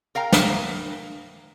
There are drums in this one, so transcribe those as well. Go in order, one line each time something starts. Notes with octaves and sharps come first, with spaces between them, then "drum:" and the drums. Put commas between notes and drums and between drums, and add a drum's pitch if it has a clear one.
A#4 F5 G5 A#5
drum: snare